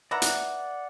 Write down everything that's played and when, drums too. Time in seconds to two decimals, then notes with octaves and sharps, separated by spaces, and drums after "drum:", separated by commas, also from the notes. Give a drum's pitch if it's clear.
0.11 B4 D5 E5 F#5 A#5
0.22 drum: hi-hat